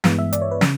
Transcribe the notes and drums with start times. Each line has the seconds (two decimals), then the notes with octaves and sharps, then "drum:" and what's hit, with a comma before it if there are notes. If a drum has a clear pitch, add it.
0.04 G2 E3 G#3 B3 F5, drum: snare
0.19 E5
0.33 D5, drum: hi-hat
0.42 C#5
0.51 B4
0.61 C#3, drum: snare